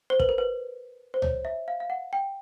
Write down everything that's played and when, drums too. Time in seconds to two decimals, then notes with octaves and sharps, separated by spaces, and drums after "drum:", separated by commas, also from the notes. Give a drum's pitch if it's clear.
0.10 C5
0.20 B4, drum: kick
0.29 A#4
0.38 B4
1.14 C5
1.22 C#5, drum: tom C#2
1.45 E5
1.68 F5
1.80 F5
1.90 F#5
2.13 G5